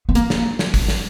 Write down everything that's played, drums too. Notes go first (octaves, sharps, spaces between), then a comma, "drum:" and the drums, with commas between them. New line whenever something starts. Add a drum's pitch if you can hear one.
B3
A#3, drum: hi-hat
drum: snare
drum: snare
drum: kick, open hi-hat
drum: snare